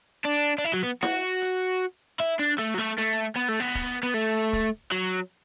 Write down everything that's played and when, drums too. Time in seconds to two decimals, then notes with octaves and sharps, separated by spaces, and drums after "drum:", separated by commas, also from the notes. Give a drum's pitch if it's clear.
0.25 D4
0.58 D4
0.64 E4, drum: hi-hat
0.73 F#3
0.83 B3
1.03 F#4, drum: snare E4
1.42 drum: hi-hat
2.20 E4, drum: hi-hat
2.39 D4
2.58 A3
2.74 F#3
2.78 A3
2.98 A3, drum: hi-hat
3.36 B3
3.49 A3
3.60 B3
3.75 drum: kick, hi-hat
4.03 B3
4.14 A3
4.53 drum: kick, hi-hat
4.91 F#3